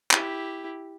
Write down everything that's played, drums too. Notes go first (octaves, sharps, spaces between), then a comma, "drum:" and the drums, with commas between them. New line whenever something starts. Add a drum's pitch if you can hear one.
E4 G4, drum: clap